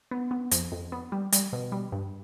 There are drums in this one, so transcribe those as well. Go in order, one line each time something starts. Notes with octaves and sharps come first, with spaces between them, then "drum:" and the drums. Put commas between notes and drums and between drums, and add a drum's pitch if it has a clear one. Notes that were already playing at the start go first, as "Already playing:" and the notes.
B3
B3
F2, drum: hi-hat
F2
B3
G3
G3, drum: hi-hat
B2
G3
G2